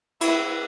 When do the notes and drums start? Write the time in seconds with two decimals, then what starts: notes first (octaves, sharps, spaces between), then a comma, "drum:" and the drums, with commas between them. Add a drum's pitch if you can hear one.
0.21 E4, drum: cymbal